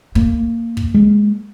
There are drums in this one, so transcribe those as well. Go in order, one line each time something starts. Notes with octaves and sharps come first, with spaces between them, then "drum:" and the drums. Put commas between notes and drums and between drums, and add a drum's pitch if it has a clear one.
A#3, drum: kick
drum: kick
G#3